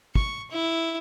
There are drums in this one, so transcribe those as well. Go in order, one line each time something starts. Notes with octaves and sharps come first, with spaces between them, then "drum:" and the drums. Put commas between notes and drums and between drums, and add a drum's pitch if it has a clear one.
C#6, drum: kick
E4